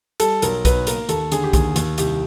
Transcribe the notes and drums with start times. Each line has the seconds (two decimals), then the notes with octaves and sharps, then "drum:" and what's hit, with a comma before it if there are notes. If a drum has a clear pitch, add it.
0.20 G3 A4, drum: hi-hat
0.42 B1 A#4, drum: hi-hat
0.65 B1 B4, drum: kick B1, hi-hat
0.87 A#3 A#4, drum: hi-hat
1.09 D#2 A4, drum: hi-hat
1.32 D3 G#4, drum: hi-hat
1.43 G4
1.53 D#2 G#4, drum: kick B1, hi-hat
1.76 D#2, drum: hi-hat
1.98 C2 G4, drum: hi-hat